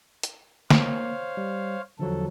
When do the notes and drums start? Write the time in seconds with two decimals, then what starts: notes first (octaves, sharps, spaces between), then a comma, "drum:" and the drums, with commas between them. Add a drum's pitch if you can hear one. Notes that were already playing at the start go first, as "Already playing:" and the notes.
0.23 drum: hi-hat
0.70 A#3 C5 C#5 F5, drum: snare
1.37 G3
1.99 E2 D3 F3 F#3 A4